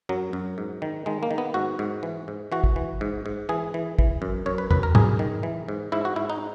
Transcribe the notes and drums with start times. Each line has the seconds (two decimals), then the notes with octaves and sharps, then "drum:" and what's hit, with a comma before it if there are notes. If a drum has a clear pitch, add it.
0.09 F#2 F#3
0.33 F#2
0.58 G#2
0.82 D#3
1.06 D#3 G#3
1.23 A#3
1.31 D#3
1.38 B3
1.54 G#2 F#4
1.79 G#2
2.03 E3
2.28 G#2
2.52 E3 F#4
2.64 drum: kick
2.76 E3
3.01 G#2
3.26 G#2
3.49 E3 G#4
3.74 E3
3.99 E3, drum: kick
4.22 F#2
4.46 F#2 C#5
4.58 B4
4.71 F#2 B4, drum: tom E2
4.83 A#4
4.95 F#2 G#4, drum: tom G#2
5.19 D#3
5.43 E3
5.68 G#2
5.92 G#2 E4
6.05 F#4
6.16 G#2 E4
6.30 D#4